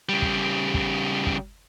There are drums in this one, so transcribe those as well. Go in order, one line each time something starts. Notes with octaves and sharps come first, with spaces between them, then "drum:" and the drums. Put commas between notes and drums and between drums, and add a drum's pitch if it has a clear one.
C#3 G3
drum: kick
drum: kick
drum: kick